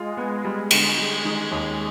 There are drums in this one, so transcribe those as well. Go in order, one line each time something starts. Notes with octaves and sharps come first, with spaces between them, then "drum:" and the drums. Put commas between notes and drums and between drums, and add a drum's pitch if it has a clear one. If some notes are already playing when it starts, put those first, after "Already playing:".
Already playing: G#3 F4
B3
G3
D3, drum: cymbal
G3 G#3
D#3
D#2